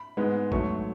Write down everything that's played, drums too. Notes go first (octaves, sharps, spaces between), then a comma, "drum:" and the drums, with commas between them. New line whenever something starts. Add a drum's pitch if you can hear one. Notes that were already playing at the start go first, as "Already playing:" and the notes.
Already playing: B5
G#2 G#3 B3
G#2 F#3 A3 C#6, drum: kick